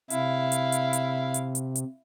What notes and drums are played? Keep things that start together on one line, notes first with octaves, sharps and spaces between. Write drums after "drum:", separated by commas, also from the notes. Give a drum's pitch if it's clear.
C3 E4 F5, drum: hi-hat
drum: hi-hat
drum: hi-hat
drum: hi-hat
drum: hi-hat
drum: hi-hat
drum: hi-hat